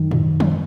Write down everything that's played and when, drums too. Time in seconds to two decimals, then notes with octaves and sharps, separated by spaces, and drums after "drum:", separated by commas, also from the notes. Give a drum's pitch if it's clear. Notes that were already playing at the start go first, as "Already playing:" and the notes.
Already playing: F#2 D#3
0.11 drum: tom G#2
0.40 drum: tom